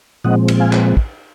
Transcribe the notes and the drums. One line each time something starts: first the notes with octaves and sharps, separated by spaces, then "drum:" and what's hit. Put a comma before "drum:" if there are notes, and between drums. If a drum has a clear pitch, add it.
A#2 F3 G#3 C4 D#5 F#5
drum: cymbal
F5 G#5
drum: clap
drum: kick